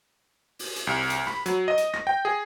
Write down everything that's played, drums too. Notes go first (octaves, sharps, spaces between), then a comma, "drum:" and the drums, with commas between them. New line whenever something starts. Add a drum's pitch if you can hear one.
drum: open hi-hat
drum: hi-hat
C2
drum: hi-hat
B5, drum: rim click
F#3, drum: hi-hat
D#5
drum: hi-hat
A#6, drum: rim click
G5
G#4